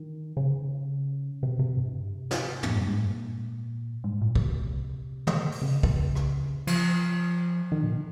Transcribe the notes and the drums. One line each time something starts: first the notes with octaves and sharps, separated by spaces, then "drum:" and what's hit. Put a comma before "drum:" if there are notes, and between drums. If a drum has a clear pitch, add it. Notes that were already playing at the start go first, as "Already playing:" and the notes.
Already playing: D#3
C#3
C3
C3
G2
C3
drum: snare
F2, drum: tom
G2
G#2
A#2
G#2
A#2
C#3, drum: kick
C3
drum: tom
drum: open hi-hat
C#3
drum: kick
drum: rim click
F3, drum: cymbal
D#3
A#2